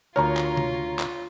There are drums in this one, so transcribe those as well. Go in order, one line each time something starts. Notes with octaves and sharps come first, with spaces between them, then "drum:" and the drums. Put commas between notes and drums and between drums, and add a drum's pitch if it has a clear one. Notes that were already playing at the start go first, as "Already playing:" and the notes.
D2 F4 A#4 C#5 A#5
drum: clap
drum: tom
drum: clap